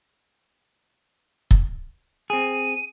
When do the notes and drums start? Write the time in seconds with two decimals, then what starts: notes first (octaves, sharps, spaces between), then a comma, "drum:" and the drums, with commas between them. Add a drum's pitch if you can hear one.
1.51 drum: kick
2.30 C4 G#4 D#7